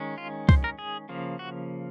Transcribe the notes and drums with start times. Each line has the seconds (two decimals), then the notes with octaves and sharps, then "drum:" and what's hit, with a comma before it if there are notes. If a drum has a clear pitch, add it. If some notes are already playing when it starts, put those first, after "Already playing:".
Already playing: D#3 G#3 C#4
0.18 F4
0.49 C5, drum: kick C2
0.64 A#4
0.79 G#4
1.09 C#3 F3 A#3
1.39 F#4